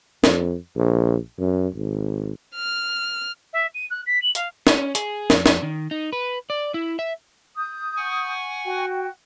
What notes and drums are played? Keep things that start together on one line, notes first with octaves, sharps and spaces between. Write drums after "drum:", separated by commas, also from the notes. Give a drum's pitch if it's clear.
F2, drum: snare
A#1
F#2
G#1
F6
E5
D#7
F#6
B6
F#7
F5, drum: hi-hat
C#4, drum: snare
G#4, drum: hi-hat
F2, drum: snare
drum: snare
D#3
D#4
B4
D5
E4
E5
D#6 G6
F#5 G#5 C#6
F#4 G5